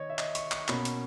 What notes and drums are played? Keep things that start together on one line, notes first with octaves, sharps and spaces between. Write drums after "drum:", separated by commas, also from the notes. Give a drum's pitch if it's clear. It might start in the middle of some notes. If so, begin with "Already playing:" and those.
Already playing: D#3 C#5 D#5
E5
D#5, drum: clap
C#6, drum: hi-hat
C#6, drum: clap
B2 A#3 C#4 B5, drum: clap
drum: hi-hat